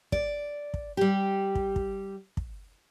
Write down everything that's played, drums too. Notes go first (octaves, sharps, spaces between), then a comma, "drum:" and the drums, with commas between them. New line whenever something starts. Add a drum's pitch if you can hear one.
D5, drum: kick
drum: kick
G3 G4
drum: kick
drum: kick
drum: kick